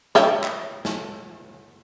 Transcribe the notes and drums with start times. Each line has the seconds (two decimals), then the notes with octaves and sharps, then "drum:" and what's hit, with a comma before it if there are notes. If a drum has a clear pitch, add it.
0.15 C#5 E5 G5, drum: snare
0.44 drum: clap
0.85 drum: snare